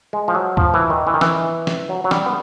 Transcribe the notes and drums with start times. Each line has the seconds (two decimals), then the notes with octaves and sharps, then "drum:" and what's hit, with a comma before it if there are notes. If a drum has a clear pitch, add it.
0.13 G#3
0.28 F3
0.35 F#3
0.57 F3, drum: kick D2
0.74 E3
0.90 D#3
1.07 E3
1.14 D#3
1.21 E3, drum: snare
1.67 drum: snare
1.89 F#3
2.04 F#3
2.11 G3, drum: snare
2.26 B3